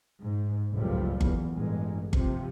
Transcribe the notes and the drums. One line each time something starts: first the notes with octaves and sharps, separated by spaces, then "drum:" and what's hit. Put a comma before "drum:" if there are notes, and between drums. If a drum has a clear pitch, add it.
G#2
F#1 C#2 A2 F3 G3
E2, drum: kick G1
A1 G2 G#3
C3 F3, drum: kick G1